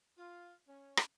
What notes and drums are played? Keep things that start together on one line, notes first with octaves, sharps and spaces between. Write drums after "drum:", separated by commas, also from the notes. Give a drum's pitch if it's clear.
F4
C#4
drum: rim click